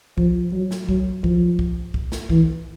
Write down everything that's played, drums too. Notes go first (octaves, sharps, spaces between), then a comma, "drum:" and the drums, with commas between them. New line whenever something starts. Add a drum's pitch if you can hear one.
F3, drum: kick
F#3
drum: snare
F#3, drum: kick
F3, drum: kick
drum: kick
drum: kick
drum: snare
E3, drum: kick